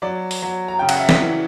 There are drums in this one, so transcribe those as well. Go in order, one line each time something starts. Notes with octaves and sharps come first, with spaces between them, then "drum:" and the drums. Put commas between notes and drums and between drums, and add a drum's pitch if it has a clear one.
F#3 D5
drum: open hi-hat
F#3
A#5
C#3 G5
F#5, drum: cymbal
E5
D5, drum: snare
E3